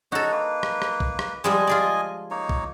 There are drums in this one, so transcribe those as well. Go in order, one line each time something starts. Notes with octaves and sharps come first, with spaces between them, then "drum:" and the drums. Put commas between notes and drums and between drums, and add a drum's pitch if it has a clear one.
D#4 F#4 A4 C#5
A#3 B4
drum: rim click
drum: rim click
drum: kick
drum: rim click
F3 G3 G#3 D#5 G#5
F4 G#4 D5
A#3 D#4 C#5
drum: kick